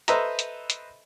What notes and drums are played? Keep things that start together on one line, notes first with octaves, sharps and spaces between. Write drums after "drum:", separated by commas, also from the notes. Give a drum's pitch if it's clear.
A4 B4 C5 D#5 E5 A#5, drum: hi-hat
drum: hi-hat
drum: hi-hat